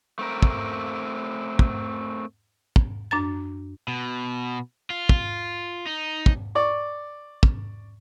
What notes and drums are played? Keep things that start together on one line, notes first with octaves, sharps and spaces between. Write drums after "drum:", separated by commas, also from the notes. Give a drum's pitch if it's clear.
A3 C4 A#4
drum: kick
drum: kick
drum: kick
F#2 D4 A#5 A6
B2
F4
drum: kick
D#4
drum: kick
D5 C#6
drum: kick